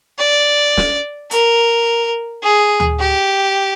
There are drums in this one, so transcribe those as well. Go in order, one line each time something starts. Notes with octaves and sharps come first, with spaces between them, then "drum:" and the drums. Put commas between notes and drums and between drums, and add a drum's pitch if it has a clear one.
D5
drum: snare
A#4, drum: hi-hat
G#4
drum: tom D2
G4